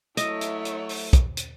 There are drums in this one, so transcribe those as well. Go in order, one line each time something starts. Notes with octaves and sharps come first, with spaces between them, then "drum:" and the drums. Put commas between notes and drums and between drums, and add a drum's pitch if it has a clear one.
F#3 A3 E4 C#5 D#5, drum: hi-hat
drum: hi-hat
drum: hi-hat
drum: open hi-hat
drum: kick, hi-hat
drum: hi-hat